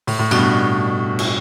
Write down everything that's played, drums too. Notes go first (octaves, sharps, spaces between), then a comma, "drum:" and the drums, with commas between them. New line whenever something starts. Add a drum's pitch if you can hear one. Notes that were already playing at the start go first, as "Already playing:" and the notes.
A2, drum: open hi-hat
A2
G2 B2, drum: cymbal
drum: cymbal